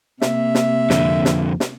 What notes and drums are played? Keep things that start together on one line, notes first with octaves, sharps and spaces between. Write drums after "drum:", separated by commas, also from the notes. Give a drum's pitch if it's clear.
C3 A#3 E5, drum: snare
drum: snare
F2 D3, drum: snare
drum: snare
drum: snare